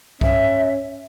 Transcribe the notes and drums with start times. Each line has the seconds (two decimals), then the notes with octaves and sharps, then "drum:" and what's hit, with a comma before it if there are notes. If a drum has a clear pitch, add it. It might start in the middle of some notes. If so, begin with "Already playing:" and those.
0.21 C#4 E5, drum: kick